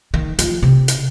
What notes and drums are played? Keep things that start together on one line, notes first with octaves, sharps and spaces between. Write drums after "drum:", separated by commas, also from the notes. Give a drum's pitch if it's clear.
D#3
F3, drum: hi-hat
C3
drum: hi-hat